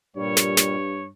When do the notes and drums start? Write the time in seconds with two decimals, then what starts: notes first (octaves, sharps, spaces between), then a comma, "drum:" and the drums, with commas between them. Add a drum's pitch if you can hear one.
0.16 G2 A#2 G3 C#5
0.37 drum: snare
0.57 drum: snare